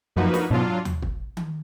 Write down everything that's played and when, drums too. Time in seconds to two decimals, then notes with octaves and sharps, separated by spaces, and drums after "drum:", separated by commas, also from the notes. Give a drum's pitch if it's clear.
0.17 F#2 F3 A#3 D#4 F#4 B4
0.34 drum: snare
0.51 G#2 B2 F#3 D4 F4
0.85 drum: tom D#2
1.02 drum: kick
1.37 drum: tom D#3